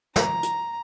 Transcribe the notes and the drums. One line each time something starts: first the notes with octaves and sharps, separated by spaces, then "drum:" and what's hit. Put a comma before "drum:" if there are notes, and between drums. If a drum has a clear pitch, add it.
A#5, drum: snare
drum: hi-hat